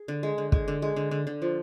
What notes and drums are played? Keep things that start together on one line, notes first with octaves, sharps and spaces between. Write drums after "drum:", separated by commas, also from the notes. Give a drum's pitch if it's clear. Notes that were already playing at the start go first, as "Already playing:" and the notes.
Already playing: G#4
D3
G#3
D3
G#3, drum: kick
D3
G#3
D3
D3
D3
F3